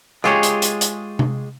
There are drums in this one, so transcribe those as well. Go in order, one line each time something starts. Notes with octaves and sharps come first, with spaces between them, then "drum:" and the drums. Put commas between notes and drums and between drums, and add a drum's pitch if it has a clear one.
G#3 F4 G4 G#4 C#5, drum: rim click
drum: hi-hat
drum: hi-hat
drum: hi-hat
drum: tom C3